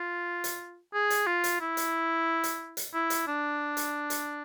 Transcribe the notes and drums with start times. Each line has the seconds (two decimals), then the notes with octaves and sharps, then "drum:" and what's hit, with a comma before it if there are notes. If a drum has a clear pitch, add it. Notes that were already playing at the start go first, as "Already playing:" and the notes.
Already playing: F4
0.44 drum: hi-hat
0.94 G#4
1.10 drum: hi-hat
1.27 F4
1.44 drum: hi-hat
1.60 E4
1.77 drum: hi-hat
2.44 drum: hi-hat
2.77 drum: hi-hat
2.94 E4
3.10 drum: hi-hat
3.27 D4
3.77 drum: hi-hat
4.10 drum: hi-hat